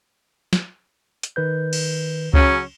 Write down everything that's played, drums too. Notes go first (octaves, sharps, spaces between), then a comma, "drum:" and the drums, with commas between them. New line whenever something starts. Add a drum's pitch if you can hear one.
drum: snare
drum: hi-hat
D#3 B4 G6
drum: cymbal
C#3 F#3 C#4, drum: kick C#2